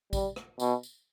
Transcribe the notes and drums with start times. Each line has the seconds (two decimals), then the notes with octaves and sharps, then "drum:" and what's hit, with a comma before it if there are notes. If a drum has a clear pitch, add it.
0.13 G3, drum: kick, tambourine
0.36 drum: rim click
0.60 B2, drum: tambourine
0.83 drum: tambourine